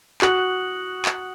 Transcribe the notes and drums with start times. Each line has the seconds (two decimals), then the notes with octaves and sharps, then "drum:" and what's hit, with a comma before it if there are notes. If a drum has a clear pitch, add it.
0.22 F#4 D#6 F#6 C#7 F#7, drum: clap
1.05 drum: clap